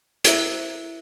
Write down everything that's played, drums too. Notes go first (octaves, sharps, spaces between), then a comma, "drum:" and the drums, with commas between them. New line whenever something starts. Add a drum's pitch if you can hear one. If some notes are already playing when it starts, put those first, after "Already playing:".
E4 A4 A#4 C5 E5 A#5, drum: hi-hat